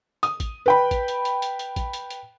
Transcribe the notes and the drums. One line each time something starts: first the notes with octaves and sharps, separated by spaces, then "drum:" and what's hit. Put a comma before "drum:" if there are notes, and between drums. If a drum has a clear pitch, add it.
D#6, drum: hi-hat
drum: kick A1, hi-hat
B4 G5 B5
drum: kick A1, hi-hat
drum: hi-hat
drum: hi-hat
drum: hi-hat
drum: hi-hat
drum: kick A1, hi-hat
drum: hi-hat
drum: hi-hat